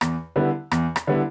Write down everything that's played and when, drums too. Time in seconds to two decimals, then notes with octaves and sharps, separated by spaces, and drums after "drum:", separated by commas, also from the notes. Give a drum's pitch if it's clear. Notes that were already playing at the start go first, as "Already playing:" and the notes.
0.01 E2, drum: rim click
0.36 D3 G3 B3 E4
0.71 E2, drum: rim click
0.96 drum: rim click
1.07 D3 G3 B3 E4